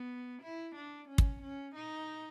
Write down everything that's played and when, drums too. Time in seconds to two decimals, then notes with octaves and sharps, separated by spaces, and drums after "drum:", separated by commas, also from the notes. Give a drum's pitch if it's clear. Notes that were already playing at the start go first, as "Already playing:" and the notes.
Already playing: B3
0.42 E4
0.75 D4
1.09 C#4
1.18 drum: kick
1.42 C#4
1.75 D#4